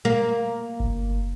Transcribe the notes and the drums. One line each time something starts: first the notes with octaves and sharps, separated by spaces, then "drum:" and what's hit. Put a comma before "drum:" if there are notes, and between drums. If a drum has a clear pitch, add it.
A#3
drum: kick G1